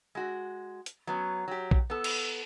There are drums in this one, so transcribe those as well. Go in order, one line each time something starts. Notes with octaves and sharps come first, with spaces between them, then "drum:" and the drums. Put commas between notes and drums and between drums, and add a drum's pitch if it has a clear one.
G#3 F#4
drum: hi-hat
F#3 B3 C#4
F#3 G4
drum: kick A#1
B3 A4
drum: cymbal